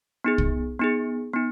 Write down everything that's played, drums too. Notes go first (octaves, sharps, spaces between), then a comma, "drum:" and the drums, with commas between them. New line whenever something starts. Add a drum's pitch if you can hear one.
B3 D#4 G#4
drum: kick
B3 D#4 G#4
B3 D#4